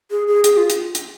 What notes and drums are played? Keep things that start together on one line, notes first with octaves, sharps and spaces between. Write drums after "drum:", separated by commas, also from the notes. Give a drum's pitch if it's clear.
G#4
G#4
G#4, drum: hi-hat
F4
drum: hi-hat
drum: hi-hat